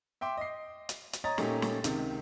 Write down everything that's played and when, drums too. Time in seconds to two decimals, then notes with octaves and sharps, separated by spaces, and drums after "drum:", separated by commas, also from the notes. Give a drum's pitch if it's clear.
0.21 E5 G5 C6 D6
0.37 D#5 C7
0.89 drum: hi-hat
1.13 drum: hi-hat
1.24 C#5 D#5 A#5 D#6 A6
1.38 A#2 A3 C#4 D#4 G4, drum: snare
1.62 drum: snare
1.84 C#2 C3 D#3, drum: hi-hat